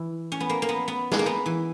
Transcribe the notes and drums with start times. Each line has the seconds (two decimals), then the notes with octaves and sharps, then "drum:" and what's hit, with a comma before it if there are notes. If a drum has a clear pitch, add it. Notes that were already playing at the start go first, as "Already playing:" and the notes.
Already playing: E3
0.32 C#4
0.40 B3
0.49 A#3
0.62 A#3
0.69 B3
0.88 B3
1.12 G#3, drum: snare
1.19 A#3
1.26 B3
1.46 E3